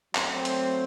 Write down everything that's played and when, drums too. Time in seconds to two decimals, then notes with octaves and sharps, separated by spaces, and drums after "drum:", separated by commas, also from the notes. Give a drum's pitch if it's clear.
0.15 F#3 A3 C4, drum: clap
0.45 C5, drum: hi-hat